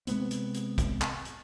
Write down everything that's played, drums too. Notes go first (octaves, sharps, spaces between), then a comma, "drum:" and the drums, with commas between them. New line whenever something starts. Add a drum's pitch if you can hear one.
C3 G#3 B3 C4, drum: hi-hat
drum: hi-hat
drum: hi-hat
drum: kick, hi-hat
drum: clap
drum: hi-hat